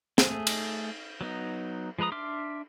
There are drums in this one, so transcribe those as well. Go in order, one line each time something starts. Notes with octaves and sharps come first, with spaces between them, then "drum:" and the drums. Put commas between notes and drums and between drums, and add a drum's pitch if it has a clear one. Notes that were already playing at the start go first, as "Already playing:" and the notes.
A3 G#4, drum: snare
drum: cymbal
F#3 B3 D#4
F3 G#3 B4 A#5 D#6
D4 E5 C6 D6 F6